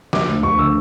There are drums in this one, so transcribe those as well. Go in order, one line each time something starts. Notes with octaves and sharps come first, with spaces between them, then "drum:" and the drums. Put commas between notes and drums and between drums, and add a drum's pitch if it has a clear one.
F3 D6, drum: snare
D2
D2 C#6
D3 E6